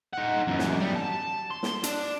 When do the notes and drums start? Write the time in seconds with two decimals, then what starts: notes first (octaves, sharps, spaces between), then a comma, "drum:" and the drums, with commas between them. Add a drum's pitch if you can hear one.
0.13 D#4 F#5
0.47 F#2 E3
0.59 drum: snare
0.80 G3 B3
0.96 A5
1.50 C6
1.63 drum: snare
1.84 D4, drum: hi-hat